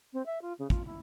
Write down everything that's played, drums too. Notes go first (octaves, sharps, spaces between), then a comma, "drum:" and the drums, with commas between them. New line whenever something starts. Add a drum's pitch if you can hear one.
C4
E5
F4
C#3
F4, drum: kick
E4